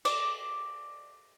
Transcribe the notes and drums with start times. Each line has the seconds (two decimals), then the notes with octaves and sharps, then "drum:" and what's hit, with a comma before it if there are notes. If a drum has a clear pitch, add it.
0.05 D5, drum: cymbal